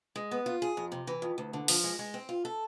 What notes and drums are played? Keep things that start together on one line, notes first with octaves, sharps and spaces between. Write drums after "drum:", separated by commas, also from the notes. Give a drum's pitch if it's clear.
G#3
B3
F4
G#4
F2
C3
E3
F2
D2
D3
F3, drum: open hi-hat
G#3
G#3
C4
F4
A4